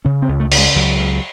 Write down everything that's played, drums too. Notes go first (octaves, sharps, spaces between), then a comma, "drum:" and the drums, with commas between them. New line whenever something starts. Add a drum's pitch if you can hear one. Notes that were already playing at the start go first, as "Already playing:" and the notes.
C#3 C#4
C4
C#2
A3
C#3, drum: cymbal
G#3
C#2 F#3
C#2